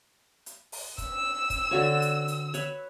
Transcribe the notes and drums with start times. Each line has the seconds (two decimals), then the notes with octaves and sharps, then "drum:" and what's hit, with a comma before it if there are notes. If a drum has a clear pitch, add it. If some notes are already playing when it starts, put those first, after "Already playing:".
0.46 drum: hi-hat
0.72 drum: open hi-hat
0.98 E6, drum: kick, hi-hat
1.50 drum: kick, hi-hat
1.71 D3 F#4 C#5
2.02 drum: hi-hat
2.28 drum: hi-hat
2.54 B4 C#5, drum: hi-hat